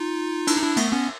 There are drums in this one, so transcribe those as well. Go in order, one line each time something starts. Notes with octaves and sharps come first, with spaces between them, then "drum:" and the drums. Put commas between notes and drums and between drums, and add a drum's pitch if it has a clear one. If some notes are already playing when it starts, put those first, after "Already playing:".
Already playing: D#4 F4
D4 E4, drum: cymbal
D#4
D4 E4
A3 B3, drum: cymbal
B3 C#4